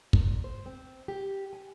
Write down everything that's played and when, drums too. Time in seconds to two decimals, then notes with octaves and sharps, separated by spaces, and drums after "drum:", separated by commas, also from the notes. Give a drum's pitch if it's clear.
0.13 A#2, drum: kick
0.44 C5
0.66 C4
1.08 G4
1.53 G#5